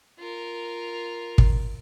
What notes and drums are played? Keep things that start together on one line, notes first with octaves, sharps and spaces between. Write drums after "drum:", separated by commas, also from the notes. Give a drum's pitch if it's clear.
F4 A#4
drum: kick